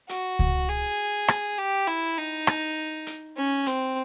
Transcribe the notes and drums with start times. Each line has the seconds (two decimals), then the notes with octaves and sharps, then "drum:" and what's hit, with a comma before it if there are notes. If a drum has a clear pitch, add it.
0.09 F#4, drum: hi-hat
0.39 drum: kick C#2
0.69 G#4
1.28 drum: rim click
1.58 G4
1.87 E4
2.17 D#4
2.47 drum: rim click
3.07 drum: hi-hat
3.37 C#4
3.66 C4, drum: hi-hat